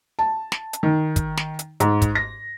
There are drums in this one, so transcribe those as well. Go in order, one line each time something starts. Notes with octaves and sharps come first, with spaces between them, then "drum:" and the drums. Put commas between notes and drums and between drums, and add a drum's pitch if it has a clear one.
A5
drum: snare
drum: hi-hat
D#3
drum: kick, hi-hat
drum: snare
drum: hi-hat
G#2, drum: hi-hat
drum: kick, hi-hat
A#6